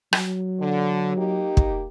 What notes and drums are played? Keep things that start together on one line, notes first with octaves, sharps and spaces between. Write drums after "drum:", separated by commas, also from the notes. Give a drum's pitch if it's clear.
F#3, drum: rim click
D3
A#3 D#4 G4
drum: kick